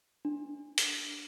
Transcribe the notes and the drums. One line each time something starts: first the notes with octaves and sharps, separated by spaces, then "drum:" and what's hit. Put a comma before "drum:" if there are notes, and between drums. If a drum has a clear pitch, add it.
D4
drum: hi-hat